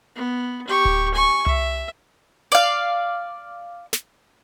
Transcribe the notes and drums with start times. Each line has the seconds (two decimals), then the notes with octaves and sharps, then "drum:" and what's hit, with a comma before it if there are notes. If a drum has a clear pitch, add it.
0.16 B3
0.67 G4 C#6
0.85 drum: kick D1
1.14 G#5 C#6
1.46 E5, drum: tom C2
2.52 D5 F5
3.93 drum: snare